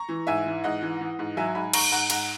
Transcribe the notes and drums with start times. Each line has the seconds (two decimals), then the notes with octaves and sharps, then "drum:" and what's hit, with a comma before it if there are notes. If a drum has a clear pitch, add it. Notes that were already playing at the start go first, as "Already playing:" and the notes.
Already playing: A#5 C#6
0.09 E3
0.27 G#2 E5 G#5
0.46 E3
0.64 G#2 D#5 F#5
0.82 E3
1.00 E3
1.19 G#2
1.37 F#3 E5 G#5
1.55 G#2 G#5 B5
1.73 G#2 A#5 C#6, drum: cymbal
1.92 G#2 F#5 A#5
2.10 G#2 F#5 A#5, drum: cymbal